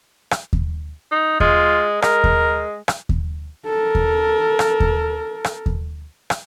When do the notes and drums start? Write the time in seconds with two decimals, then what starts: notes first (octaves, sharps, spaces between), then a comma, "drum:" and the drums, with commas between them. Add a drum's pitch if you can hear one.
0.31 drum: rim click
0.53 drum: kick D#2
1.11 D#4
1.40 G#3 F4, drum: kick D#2
2.02 G#3 A#4, drum: rim click
2.24 drum: kick D#2
2.88 drum: rim click
3.09 drum: kick D#2
3.65 A4 A#4
3.95 drum: kick D#2
4.59 drum: rim click
4.80 drum: kick D#2
5.44 drum: rim click
5.66 drum: kick D#2
6.30 drum: rim click